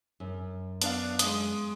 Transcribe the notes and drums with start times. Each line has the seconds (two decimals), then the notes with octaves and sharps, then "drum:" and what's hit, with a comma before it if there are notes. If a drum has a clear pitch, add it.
0.20 F#2
0.82 B3 D4 F5, drum: hi-hat
1.19 G#3 D#6, drum: hi-hat